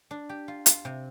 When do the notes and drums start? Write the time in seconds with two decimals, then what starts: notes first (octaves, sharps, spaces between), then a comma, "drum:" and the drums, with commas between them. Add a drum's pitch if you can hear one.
0.11 D4
0.29 G4
0.48 F4
0.66 F4, drum: hi-hat
0.85 C3